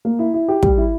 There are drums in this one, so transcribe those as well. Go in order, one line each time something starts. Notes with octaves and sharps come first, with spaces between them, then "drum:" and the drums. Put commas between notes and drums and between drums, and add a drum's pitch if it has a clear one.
A#3
E4
E4
G4
G3, drum: kick
E4